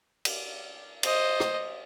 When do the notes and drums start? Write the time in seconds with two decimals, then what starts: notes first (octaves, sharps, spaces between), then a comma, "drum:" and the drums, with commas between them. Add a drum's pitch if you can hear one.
0.25 drum: cymbal
1.03 C5 D#5, drum: cymbal
1.40 drum: rim click